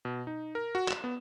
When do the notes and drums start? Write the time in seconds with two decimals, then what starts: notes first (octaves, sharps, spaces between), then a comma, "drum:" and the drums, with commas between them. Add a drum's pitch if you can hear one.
0.05 B2
0.27 D#4
0.55 A#4
0.75 F#4
0.89 E7, drum: clap
1.04 B3